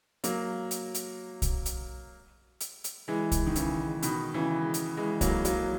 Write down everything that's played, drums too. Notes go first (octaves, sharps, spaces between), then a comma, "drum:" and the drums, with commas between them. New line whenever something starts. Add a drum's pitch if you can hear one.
F#3 A#3, drum: hi-hat
drum: hi-hat
drum: hi-hat
drum: kick, hi-hat
drum: hi-hat
drum: hi-hat
drum: hi-hat
E3 G#3
drum: kick, hi-hat
D#3
C#3 E3, drum: hi-hat
B2 D#3, drum: hi-hat
C#3 E3
drum: hi-hat
E3 G#3
F#3 A#3, drum: kick, hi-hat
F#3 A#3, drum: hi-hat